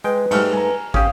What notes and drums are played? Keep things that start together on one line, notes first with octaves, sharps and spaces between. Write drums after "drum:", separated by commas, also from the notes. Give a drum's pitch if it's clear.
G#3 B4 G5
G#2 G3 A3 F6 C#7, drum: cymbal
G#5 A#5
C#4 G4 F5 D#6, drum: kick